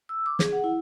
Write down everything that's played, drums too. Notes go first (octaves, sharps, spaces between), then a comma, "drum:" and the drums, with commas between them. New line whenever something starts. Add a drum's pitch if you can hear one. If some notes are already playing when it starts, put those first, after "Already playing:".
E6
D6
G#4, drum: snare
F#5
E4